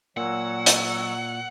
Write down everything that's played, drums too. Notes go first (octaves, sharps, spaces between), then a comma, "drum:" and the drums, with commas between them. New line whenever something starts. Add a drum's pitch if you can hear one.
A#2 F#3 F#5 E6
drum: hi-hat